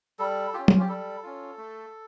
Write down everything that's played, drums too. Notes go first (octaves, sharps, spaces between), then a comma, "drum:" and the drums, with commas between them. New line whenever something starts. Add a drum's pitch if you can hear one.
G3 A4
C#4 F4 G4
drum: tom F#3
G4
G3 A4
C#4 F4
A3